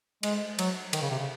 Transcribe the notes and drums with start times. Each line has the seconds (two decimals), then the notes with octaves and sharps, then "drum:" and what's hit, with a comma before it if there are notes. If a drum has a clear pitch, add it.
0.23 G#3, drum: cymbal
0.59 F#3, drum: cymbal
0.93 D#3, drum: cymbal
1.02 C#3
1.11 C3
1.19 C#3